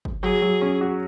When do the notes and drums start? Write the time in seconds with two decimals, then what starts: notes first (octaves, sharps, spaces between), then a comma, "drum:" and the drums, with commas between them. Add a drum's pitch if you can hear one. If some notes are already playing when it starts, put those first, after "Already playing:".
0.05 drum: kick
0.23 F#3 G#4
0.42 F#3
0.62 C#4
0.81 F#4